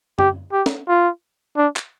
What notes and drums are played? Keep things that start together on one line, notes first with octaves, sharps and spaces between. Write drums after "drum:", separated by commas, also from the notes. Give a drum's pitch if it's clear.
G4, drum: tom F#2
G4
drum: snare
F4
D4
drum: clap